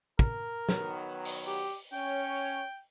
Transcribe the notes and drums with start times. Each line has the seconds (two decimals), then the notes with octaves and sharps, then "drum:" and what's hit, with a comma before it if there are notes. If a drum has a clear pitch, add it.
0.19 A#4, drum: kick
0.69 D#3 F#3 B3, drum: snare
1.25 drum: open hi-hat
1.47 G4
1.93 C#4 C#5 G5